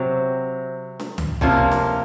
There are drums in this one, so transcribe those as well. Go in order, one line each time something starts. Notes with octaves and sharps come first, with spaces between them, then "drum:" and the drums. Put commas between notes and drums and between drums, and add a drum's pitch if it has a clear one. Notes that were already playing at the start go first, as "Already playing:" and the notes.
Already playing: C3 F#3 C4
drum: snare
drum: tom C#2
C3 F3 A#3 C#4 F4, drum: kick
drum: snare